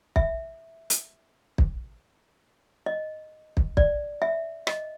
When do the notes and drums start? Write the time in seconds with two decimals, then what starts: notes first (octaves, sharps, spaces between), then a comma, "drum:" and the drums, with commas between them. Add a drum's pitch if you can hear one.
0.16 E5, drum: kick
0.90 drum: hi-hat
1.58 drum: kick
2.86 D#5
3.57 drum: kick
3.77 D5, drum: kick
4.22 E5
4.67 D#5, drum: rim click